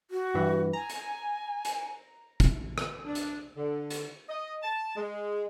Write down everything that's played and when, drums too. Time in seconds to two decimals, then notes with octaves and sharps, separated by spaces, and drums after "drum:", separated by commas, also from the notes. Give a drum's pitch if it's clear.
0.11 F#4
0.34 G2 E3
0.73 G#5 A#5
0.90 drum: hi-hat
1.65 drum: hi-hat
2.40 drum: kick, hi-hat
2.78 drum: rim click
3.06 D4
3.15 drum: hi-hat
3.57 D3
3.90 drum: hi-hat
4.28 D#5
4.62 A5
4.95 G#3